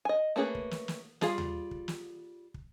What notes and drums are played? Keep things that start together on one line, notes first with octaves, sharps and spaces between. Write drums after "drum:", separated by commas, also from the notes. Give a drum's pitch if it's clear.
D#5 G#5
A3 A#3 C#4 G#4 B4
drum: kick
drum: snare
drum: snare
G3 F4 G#4 F5, drum: snare
drum: tom D#2
drum: kick
drum: snare
drum: kick